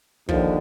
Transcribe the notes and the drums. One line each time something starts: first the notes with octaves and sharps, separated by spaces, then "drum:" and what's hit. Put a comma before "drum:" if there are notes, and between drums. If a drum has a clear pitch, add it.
D#2 D3 F3, drum: kick